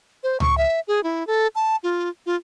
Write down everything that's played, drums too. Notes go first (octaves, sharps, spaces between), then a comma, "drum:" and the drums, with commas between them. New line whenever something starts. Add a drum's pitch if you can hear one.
C5
C#6, drum: tom C#2
E5
G#4
E4
A4
A5
F4
F4